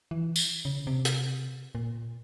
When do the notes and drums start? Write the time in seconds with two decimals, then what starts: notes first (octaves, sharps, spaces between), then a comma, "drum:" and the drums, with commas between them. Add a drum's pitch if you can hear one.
0.11 E3
0.36 drum: tambourine
0.65 C#3
0.87 C3
1.05 drum: hi-hat
1.75 A#2